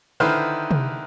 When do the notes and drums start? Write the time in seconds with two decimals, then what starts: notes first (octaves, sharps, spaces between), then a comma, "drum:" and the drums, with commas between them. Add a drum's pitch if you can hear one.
0.20 D3 D#3 E4 B4 C5 F6
0.71 drum: tom C3